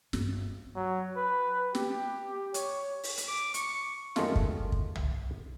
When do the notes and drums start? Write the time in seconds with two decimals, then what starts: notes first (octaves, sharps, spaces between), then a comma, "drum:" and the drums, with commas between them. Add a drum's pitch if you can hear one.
0.13 G1, drum: snare
0.76 F#3
1.17 B4
1.75 G4, drum: snare
2.54 C#5, drum: hi-hat
3.03 drum: open hi-hat
3.17 drum: hi-hat
3.28 D6
3.54 C#6, drum: hi-hat
4.16 F#2 D#3 G#3 A3 F4, drum: snare
4.36 drum: kick
4.72 drum: kick
4.95 drum: tom